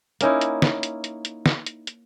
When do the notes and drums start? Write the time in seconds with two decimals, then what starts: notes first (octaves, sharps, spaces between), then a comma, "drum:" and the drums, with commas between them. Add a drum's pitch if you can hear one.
0.21 A#3 C#4 D#4 E4, drum: hi-hat
0.41 drum: hi-hat
0.62 drum: snare
0.83 drum: hi-hat
1.04 drum: hi-hat
1.25 drum: hi-hat
1.46 drum: snare
1.66 drum: hi-hat
1.87 drum: hi-hat